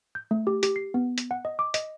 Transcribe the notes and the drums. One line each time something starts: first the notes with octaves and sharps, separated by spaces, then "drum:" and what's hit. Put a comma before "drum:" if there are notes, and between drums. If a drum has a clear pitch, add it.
G6
A3
G4
G4, drum: hi-hat
C7
B3
drum: hi-hat
F#5
D#5
D6
D#5, drum: hi-hat